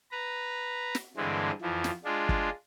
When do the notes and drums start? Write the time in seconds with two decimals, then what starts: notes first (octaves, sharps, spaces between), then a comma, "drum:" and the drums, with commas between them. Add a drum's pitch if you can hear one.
0.11 B4 A#5
0.95 drum: snare
1.17 G2 D3 E3 G#3 C4
1.62 F2 E3 F3
1.84 drum: snare
2.05 G#3 D4 F4
2.29 drum: kick